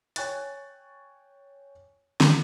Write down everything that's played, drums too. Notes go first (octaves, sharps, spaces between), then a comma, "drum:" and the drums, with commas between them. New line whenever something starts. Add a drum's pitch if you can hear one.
C#5 G5 G#5 C#6 F#6 A6, drum: hi-hat
drum: snare